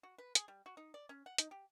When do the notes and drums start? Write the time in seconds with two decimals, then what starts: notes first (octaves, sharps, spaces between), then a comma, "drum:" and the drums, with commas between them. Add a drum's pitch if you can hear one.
0.03 F#4
0.18 B4
0.35 G#4, drum: hi-hat
0.48 G3
0.66 F#4
0.77 D#4
0.94 D5
1.09 C#4
1.26 F#5
1.38 D#4, drum: hi-hat
1.51 G4